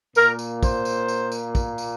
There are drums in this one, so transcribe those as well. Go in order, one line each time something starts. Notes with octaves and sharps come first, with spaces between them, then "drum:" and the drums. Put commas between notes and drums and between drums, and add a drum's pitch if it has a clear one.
A#2 A#3 A#4, drum: tambourine
drum: tambourine
C5, drum: kick, tambourine
drum: tambourine
drum: tambourine
drum: tambourine
drum: kick, tambourine
drum: tambourine